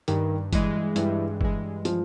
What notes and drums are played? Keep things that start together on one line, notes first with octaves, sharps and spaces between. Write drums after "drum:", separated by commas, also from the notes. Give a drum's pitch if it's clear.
G2 D#3, drum: hi-hat
E3 G#3, drum: kick F#1, hi-hat
G2 E3, drum: hi-hat
E3 G#3, drum: kick F#1
F3, drum: hi-hat